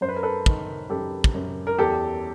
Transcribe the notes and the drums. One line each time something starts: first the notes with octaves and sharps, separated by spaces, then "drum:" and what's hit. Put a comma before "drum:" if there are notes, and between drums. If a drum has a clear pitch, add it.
F#2 C5
B4
A#4
A4 B4
D#3, drum: kick
F#2 G4 A4
drum: kick
F#2
A#4
E2 G4 A4